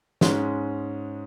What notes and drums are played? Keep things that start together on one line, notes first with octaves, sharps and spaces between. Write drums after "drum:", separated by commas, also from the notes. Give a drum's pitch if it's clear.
G#2 G#3 C#4, drum: snare